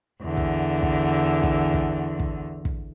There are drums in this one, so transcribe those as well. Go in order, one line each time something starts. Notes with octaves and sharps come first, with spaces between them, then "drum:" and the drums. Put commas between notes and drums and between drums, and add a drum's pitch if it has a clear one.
E2 D3
drum: kick
drum: kick
drum: kick
drum: kick
drum: kick
drum: kick